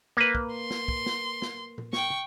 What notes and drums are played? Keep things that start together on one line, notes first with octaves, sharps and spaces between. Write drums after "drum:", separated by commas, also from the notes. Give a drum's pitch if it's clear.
A#3 B4
drum: kick
C6
drum: snare
drum: kick
drum: snare
drum: snare
drum: tom
G5 C#6, drum: snare